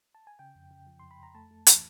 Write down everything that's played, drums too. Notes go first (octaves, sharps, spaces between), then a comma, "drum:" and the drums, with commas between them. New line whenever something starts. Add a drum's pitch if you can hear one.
A5
G#5
C#3 G5
F2
C#3
F3
F2 C6
B5
F2 A#5
A3 A5
A3
E3, drum: hi-hat